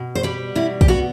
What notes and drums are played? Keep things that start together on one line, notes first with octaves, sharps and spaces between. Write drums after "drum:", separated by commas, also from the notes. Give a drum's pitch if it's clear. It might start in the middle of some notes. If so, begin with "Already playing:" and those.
Already playing: B2
C5
G3 B4
B2 E4
G4, drum: kick
B3 F#4